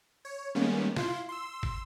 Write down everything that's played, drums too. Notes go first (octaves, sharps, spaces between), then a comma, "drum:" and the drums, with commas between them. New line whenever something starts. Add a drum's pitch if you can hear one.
C#5
D#3 G3 G#3 A#3 B3 C#4
E4 F4 C6, drum: snare
C6 E6
drum: kick